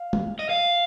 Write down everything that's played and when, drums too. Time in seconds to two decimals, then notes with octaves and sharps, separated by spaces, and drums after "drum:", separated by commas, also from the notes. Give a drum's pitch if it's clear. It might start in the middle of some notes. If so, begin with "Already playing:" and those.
Already playing: F5
0.13 drum: tom
0.39 D#5
0.49 F5